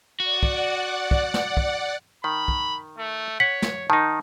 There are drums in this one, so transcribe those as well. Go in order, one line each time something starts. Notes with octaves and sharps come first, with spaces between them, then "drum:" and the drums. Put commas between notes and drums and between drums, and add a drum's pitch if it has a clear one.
F#4 D5 F#5
drum: kick
drum: kick
drum: snare
drum: kick
D#3 B5
drum: kick
A3
C#5 F#5 B6
drum: snare
D#3 D#4 A5